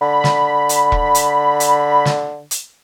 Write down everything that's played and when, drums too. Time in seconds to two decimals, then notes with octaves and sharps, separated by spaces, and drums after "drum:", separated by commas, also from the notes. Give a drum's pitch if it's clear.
0.01 D3 B5
0.24 drum: snare
0.69 drum: hi-hat
0.92 drum: kick E1
1.15 drum: hi-hat
1.60 drum: hi-hat
2.05 drum: snare
2.51 drum: hi-hat